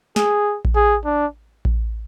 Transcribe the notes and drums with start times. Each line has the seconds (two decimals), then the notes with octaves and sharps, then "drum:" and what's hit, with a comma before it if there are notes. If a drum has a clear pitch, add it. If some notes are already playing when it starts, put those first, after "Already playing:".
0.16 G#4, drum: snare
0.65 drum: kick A1
0.76 G#4
1.05 D4
1.65 drum: kick A1